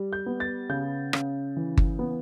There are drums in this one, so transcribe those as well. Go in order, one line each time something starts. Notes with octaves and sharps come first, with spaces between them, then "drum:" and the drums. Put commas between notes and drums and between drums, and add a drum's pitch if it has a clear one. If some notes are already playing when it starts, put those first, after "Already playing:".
Already playing: G3
G6
B3
A6
C#3 G6
C#3, drum: rim click
E3
drum: kick G1
B3